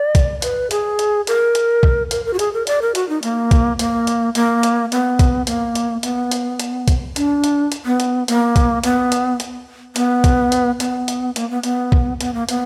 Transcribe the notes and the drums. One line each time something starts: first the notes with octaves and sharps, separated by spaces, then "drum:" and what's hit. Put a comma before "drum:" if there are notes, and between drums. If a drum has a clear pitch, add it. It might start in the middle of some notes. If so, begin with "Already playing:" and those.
Already playing: D5
drum: kick, hi-hat
B4, drum: hi-hat
G#4, drum: hi-hat
drum: hi-hat
A#4, drum: hi-hat
drum: hi-hat
drum: kick
A#4, drum: hi-hat
A#4
F#4
G#4, drum: hi-hat
A#4
D5, drum: hi-hat
A#4
F#4, drum: hi-hat
D#4
A#3, drum: hi-hat
drum: kick, hi-hat
A#3, drum: hi-hat
drum: hi-hat
A#3, drum: hi-hat
drum: hi-hat
B3, drum: hi-hat
drum: kick, hi-hat
A#3, drum: hi-hat
drum: hi-hat
B3, drum: hi-hat
drum: hi-hat
drum: hi-hat
drum: kick, hi-hat
D4, drum: hi-hat
drum: hi-hat
drum: hi-hat
B3
drum: hi-hat
A#3, drum: hi-hat
drum: kick, hi-hat
B3, drum: hi-hat
drum: hi-hat
drum: hi-hat
B3, drum: hi-hat
drum: kick, hi-hat
drum: hi-hat
B3, drum: hi-hat
drum: hi-hat
A#3, drum: hi-hat
B3
B3, drum: hi-hat
drum: kick
B3, drum: hi-hat
A#3
B3, drum: hi-hat